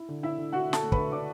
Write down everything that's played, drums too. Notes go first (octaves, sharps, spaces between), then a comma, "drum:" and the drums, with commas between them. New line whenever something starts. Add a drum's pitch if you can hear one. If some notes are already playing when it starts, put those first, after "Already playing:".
Already playing: E4
D3
E4 E5
D3
D3 F#4 F#5
D3
A4 A5, drum: snare
A3
B4 B5, drum: kick
D3
D3 D5 D6